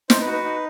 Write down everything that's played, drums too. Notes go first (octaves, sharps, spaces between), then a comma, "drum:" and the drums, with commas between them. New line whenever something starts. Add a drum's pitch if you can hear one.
D#4 C5, drum: snare
B4
F#4
B4
D#4